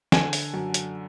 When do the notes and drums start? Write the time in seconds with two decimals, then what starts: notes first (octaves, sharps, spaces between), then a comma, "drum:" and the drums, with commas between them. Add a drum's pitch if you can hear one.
0.12 D3 G#5, drum: snare
0.33 drum: open hi-hat
0.54 F#2
0.74 drum: hi-hat